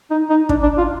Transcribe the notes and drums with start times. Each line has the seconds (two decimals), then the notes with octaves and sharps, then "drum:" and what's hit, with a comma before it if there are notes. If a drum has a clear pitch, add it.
0.11 D#4
0.30 D#4
0.49 D4, drum: kick
0.63 D4
0.78 F4